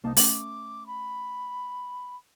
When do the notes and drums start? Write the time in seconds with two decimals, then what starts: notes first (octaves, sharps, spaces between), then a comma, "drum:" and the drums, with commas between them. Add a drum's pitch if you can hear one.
0.04 C2 A#3 D#4 A5
0.17 A3 C#4 D6, drum: open hi-hat
0.86 B5